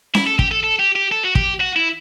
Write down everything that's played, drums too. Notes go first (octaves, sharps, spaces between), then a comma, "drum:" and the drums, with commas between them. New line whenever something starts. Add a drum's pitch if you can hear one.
E4, drum: snare C#4
A4
G4, drum: kick
A4
A4
G4
G4
A4
F#4
G4, drum: kick
F#4
E4